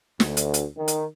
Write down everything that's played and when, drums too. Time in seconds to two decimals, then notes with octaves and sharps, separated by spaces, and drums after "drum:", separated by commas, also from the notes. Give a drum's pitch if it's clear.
0.20 D2, drum: snare
0.37 drum: hi-hat
0.54 drum: hi-hat
0.77 D#3
0.88 drum: hi-hat